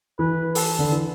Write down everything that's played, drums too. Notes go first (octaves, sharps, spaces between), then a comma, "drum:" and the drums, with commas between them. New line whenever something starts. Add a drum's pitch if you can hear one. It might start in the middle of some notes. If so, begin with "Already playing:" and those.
E3 B4
A4, drum: open hi-hat
D3
E3